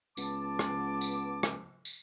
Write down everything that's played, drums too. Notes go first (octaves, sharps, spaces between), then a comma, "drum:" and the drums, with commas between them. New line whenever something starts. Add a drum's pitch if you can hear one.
C#2 B3 A5 D6, drum: tambourine
drum: rim click
drum: tambourine
drum: rim click
drum: tambourine